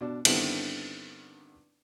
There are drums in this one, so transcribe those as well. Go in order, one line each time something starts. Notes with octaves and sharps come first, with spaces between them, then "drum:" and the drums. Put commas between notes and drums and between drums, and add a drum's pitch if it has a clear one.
B2 D4
G2 D3 D#3 B3 C4 E4, drum: cymbal